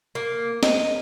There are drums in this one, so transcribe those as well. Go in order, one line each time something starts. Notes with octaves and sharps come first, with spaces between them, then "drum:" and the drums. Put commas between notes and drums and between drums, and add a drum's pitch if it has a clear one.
A#3
D#5, drum: snare